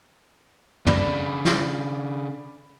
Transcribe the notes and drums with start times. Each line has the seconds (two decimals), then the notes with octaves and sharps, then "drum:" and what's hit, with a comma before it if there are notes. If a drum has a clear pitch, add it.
0.87 C#3 D4 D5 B5, drum: tom
1.45 drum: snare